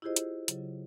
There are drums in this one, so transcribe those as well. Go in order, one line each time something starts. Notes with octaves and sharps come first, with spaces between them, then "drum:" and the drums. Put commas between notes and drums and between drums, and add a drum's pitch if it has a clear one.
E4 F4 G4 G#4 C5 D#5
drum: hi-hat
C#3 F#3, drum: hi-hat